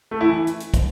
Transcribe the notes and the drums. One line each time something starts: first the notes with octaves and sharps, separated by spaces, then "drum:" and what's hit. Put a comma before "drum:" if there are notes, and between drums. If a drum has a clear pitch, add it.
A3
E4
E3
drum: hi-hat
drum: hi-hat
drum: kick, hi-hat